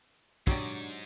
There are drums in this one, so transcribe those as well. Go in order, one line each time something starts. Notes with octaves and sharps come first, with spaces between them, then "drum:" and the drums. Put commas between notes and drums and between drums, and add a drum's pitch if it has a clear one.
G#2 F#3 D4 G4 D5, drum: kick